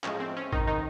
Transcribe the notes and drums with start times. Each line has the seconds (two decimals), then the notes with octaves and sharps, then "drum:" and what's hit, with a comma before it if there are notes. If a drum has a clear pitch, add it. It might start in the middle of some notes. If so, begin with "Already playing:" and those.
0.04 A2 F3 G#3 C#4, drum: clap
0.20 C4
0.37 C#4
0.52 D#3 D#4, drum: kick G#1
0.67 D#3 D#4